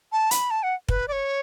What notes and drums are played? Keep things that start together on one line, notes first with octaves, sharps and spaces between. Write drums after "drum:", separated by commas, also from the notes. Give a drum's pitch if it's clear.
A5
B5, drum: hi-hat
A5
F#5
B4, drum: kick
D5
C#5